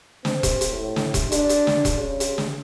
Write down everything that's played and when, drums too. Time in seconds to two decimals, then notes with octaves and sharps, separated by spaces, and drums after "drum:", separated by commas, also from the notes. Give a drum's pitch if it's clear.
0.25 C4, drum: snare
0.43 drum: kick E1, hi-hat
0.61 drum: hi-hat
0.70 A2
0.96 drum: snare
1.14 drum: kick E1, hi-hat
1.32 D4, drum: hi-hat
1.49 drum: hi-hat
1.67 drum: snare
1.85 drum: kick E1, hi-hat
1.96 C#3
2.20 drum: hi-hat
2.38 drum: snare